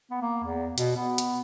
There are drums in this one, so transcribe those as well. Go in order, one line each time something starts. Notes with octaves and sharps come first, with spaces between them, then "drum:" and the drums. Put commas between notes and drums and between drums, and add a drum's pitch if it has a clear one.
B3
A#3
E2
B2, drum: hi-hat
B3
drum: hi-hat